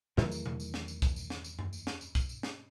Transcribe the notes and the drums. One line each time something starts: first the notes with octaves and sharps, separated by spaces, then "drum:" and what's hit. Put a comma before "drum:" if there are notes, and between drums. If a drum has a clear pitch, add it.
E2 D#3 F#3 A3, drum: snare
drum: tambourine
drum: tom B2
drum: tambourine
drum: snare
drum: tambourine
drum: kick, tambourine
drum: tambourine
drum: snare
drum: tambourine
drum: tom F#2
drum: tambourine
drum: snare
drum: tambourine
drum: kick, tambourine
drum: tambourine
drum: snare